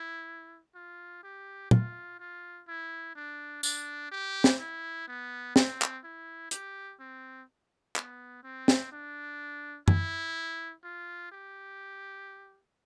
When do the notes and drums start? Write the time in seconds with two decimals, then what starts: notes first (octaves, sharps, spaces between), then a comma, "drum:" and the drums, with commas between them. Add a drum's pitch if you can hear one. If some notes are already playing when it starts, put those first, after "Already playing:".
Already playing: E4
0.75 F4
1.23 G4
1.71 F4, drum: tom
2.20 F4
2.68 E4
3.16 D4
3.63 D4, drum: tambourine
4.11 G4
4.44 drum: snare
4.60 E4
5.08 B3
5.56 C4, drum: snare
5.82 drum: clap
6.04 E4
6.51 G4, drum: hi-hat
7.00 C4
7.96 B3, drum: clap
8.43 C4
8.68 drum: snare
8.92 D4
9.88 E4, drum: tom F#2
10.84 F4
11.32 G4